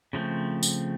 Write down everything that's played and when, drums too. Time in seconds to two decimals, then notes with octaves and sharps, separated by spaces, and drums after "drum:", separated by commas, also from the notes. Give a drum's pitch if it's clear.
0.13 C#3 F3 A3 C4
0.63 drum: tambourine